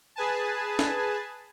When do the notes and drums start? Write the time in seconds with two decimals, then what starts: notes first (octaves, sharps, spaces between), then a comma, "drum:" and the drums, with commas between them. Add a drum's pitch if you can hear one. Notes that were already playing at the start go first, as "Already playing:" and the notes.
0.16 G#4 B4 G#5 A5
0.79 drum: snare